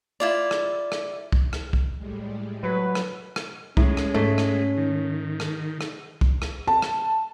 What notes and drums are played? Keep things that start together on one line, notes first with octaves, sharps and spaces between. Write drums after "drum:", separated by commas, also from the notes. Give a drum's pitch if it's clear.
E4 F4 D5
drum: rim click
drum: rim click
drum: kick
drum: rim click
drum: kick
A2 G3 G#3
F#3 B4
drum: rim click
drum: rim click
A2 G#3 C#4, drum: kick
drum: rim click
G#2 A3
drum: rim click
D#3
drum: rim click
drum: rim click
drum: kick
drum: rim click
A5
drum: rim click